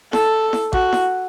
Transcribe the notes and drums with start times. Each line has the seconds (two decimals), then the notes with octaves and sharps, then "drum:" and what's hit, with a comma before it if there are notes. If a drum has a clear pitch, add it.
0.13 A4, drum: snare E4
0.53 drum: snare E4
0.73 F#4, drum: kick A1
0.93 drum: snare E4